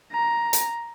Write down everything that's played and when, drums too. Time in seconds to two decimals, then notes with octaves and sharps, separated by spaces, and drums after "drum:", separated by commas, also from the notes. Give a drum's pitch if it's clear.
0.12 A#5
0.53 drum: hi-hat